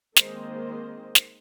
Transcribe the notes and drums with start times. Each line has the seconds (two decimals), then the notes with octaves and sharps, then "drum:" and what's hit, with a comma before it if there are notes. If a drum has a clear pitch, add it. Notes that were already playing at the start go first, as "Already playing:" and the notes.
0.17 D#3 G#3 A#3 C4 C5 D#5, drum: snare
1.15 drum: snare